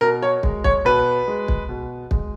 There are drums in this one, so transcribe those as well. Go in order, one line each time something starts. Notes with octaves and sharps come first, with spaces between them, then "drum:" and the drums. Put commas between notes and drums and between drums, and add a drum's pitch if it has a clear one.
B2 A#4
C#5
G#3, drum: kick
C#5, drum: kick
B2 B4
G#3
drum: kick
B2
G#3, drum: kick